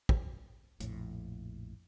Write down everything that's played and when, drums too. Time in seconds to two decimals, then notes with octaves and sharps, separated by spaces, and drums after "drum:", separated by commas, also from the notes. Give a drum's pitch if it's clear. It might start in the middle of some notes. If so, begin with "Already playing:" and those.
0.09 drum: kick
0.80 A#1 F2 A2, drum: hi-hat